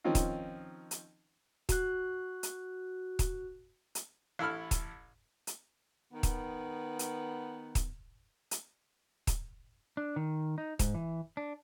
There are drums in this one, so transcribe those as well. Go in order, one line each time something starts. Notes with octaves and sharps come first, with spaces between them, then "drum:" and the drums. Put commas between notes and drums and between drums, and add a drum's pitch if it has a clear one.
D#3 F3 C4 C#4 D#4 F4
drum: kick D#1, hi-hat
drum: hi-hat
F#4 F#6, drum: kick D#1, hi-hat
drum: hi-hat
drum: kick D#1, hi-hat
drum: hi-hat
A1 E4 A4 B5 F6
drum: kick D#1, hi-hat
drum: hi-hat
D#3 B3
drum: kick D#1, hi-hat
drum: hi-hat
drum: kick D#1, hi-hat
drum: hi-hat
drum: kick D#1, hi-hat
D4
D#3
D#4
G#2, drum: kick D#1, hi-hat
E3
D4